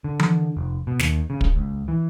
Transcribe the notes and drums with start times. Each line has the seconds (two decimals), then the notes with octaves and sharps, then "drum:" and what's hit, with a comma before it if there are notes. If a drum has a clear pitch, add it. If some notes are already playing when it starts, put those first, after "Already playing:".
0.04 D3
0.19 drum: tom E3
0.57 F1
0.87 B2
0.99 D#2, drum: snare
1.30 C#3
1.41 drum: kick
1.56 C#2
1.88 E3